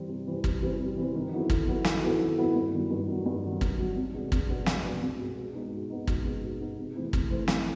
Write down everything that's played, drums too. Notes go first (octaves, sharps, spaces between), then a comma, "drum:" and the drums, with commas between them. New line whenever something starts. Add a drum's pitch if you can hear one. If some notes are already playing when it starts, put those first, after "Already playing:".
Already playing: E3 G3 C4
C3
E3 G3 C4
C3, drum: kick
E3 G3 C4
C3
E3 G3 C4
D#3
F#3 B3 E4 A4
D#3, drum: kick
F#3 B3 E4 A4
D#3, drum: snare
F#3 B3 E4 A4
D#3
F#3 B3 E4 A4
G2
D#3 F#3
G2
D#3 F#3
G2
D#3 F#3
G2, drum: kick
D#3 F#3
C2
B2 G#3 B3 D4
C2, drum: kick
B2 G#3 B3 D4
C2, drum: snare
B2 G#3 B3 D4
C2
B2 G#3 B3 D4
B2
G#3 B3 D#4
B2
G#3 B3 D#4
B2, drum: kick
G#3 B3 D#4
B2
G#3 B3 D#4
C3
E3 A3 C4 E4
C3, drum: kick
E3 A3 C4 E4
C3, drum: snare